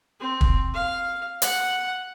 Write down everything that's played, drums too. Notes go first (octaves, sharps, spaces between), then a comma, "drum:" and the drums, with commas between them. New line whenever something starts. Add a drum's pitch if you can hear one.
C4
drum: kick
F5
F#5, drum: hi-hat